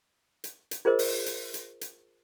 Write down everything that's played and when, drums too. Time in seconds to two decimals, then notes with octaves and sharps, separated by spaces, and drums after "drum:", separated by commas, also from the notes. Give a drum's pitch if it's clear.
0.44 drum: hi-hat
0.71 drum: hi-hat
0.85 F4 G#4 A#4 C5 D#5
0.99 drum: open hi-hat
1.26 drum: hi-hat
1.54 drum: hi-hat
1.81 drum: hi-hat